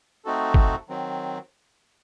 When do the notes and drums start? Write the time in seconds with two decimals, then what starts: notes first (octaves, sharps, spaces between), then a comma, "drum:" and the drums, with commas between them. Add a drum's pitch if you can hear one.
0.25 A3 C4 D#4 F#4 A4
0.54 drum: kick
0.89 D#3 F#3 C4